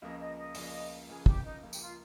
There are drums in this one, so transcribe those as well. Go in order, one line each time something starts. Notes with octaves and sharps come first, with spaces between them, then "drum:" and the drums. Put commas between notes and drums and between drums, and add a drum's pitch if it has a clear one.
C#2 C#3 F3 A#3 D#5
D#5
D#5
C#2 C#3 F3 A#3, drum: open hi-hat
C#2 C#3 F3 A#3 G#4
G4, drum: kick
D#4
C#2 C#3 F3 A#3
G4, drum: tambourine
F4